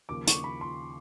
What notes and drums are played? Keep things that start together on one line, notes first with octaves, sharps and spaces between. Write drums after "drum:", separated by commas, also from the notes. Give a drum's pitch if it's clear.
D#2 C#3 F3 D6
C#6, drum: hi-hat
B5
C6